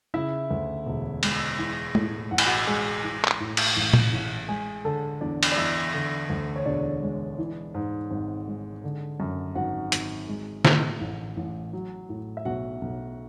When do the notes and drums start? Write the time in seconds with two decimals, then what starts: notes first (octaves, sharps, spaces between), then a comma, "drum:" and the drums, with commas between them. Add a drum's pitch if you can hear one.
0.14 C#3 E4 E5
0.51 D2
0.86 E1
1.23 G#3, drum: cymbal
1.59 E3
1.95 A2, drum: tom
2.31 A1 F#5
2.38 G#5, drum: cymbal
2.46 F#4 F#5
2.67 G#3 G#4 G#5
3.04 E3
3.25 drum: clap
3.40 A2
3.57 drum: cymbal
3.76 A1
3.93 drum: tom
4.13 A1
4.48 G#3 G#4 G#5
4.85 D3 A4 A5
5.21 E2 D4 D5
5.43 drum: cymbal
5.52 D5
5.57 E2 E4 E5
5.94 D3
6.30 D2
6.56 C#5
6.65 E1 D4 D5
7.02 G#3
7.38 E3
7.75 G#2
8.11 G#1
8.48 G#3
8.84 D3
9.20 F#2
9.55 G#1 F#4 F#5
9.92 G#1, drum: hi-hat
10.29 G#3
10.65 A2, drum: snare
11.01 A1
11.37 A1
11.73 F#3
12.09 A2
12.37 E5
12.45 B1 F#4 F#5
12.82 B1